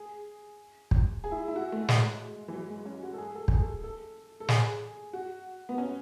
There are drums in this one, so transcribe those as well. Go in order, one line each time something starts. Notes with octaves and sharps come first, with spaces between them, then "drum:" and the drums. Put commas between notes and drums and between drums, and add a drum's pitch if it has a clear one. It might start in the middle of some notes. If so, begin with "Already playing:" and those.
Already playing: G#4
drum: kick
G#4
E4
E4
F#4
A3
G#3, drum: snare
E3
F#3
G#3
C#4
F#4
A4
G#4
A4
G#4, drum: kick
A4
A4
A4
G#4, drum: snare
F#4
B3
C#4